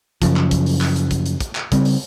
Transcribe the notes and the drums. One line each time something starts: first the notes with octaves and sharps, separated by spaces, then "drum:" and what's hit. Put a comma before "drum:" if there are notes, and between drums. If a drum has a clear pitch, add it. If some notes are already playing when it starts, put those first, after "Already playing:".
F#2 C#3 F3, drum: kick, hi-hat
drum: clap
drum: kick, hi-hat
drum: open hi-hat
drum: clap
drum: hi-hat
drum: kick, hi-hat
drum: hi-hat
drum: kick, hi-hat
drum: clap
C#3 G3 C4, drum: kick, hi-hat
drum: open hi-hat